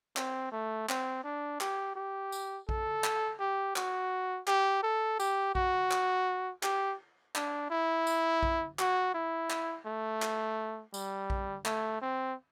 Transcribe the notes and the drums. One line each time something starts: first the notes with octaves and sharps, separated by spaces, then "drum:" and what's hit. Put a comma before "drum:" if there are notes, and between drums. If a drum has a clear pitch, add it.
C4, drum: clap
A3
C4, drum: clap
D4
G4, drum: clap
G4
drum: tambourine
A4, drum: kick A#1
drum: clap
G4
F#4, drum: clap
G4, drum: clap
A4
G4, drum: tambourine
F#4, drum: kick A#1
drum: clap
G4, drum: clap
D4, drum: clap
E4
drum: tambourine
drum: kick A#1
F#4, drum: clap
E4
drum: clap
A3
drum: clap
G3, drum: tambourine
drum: kick A#1
A3, drum: clap
C4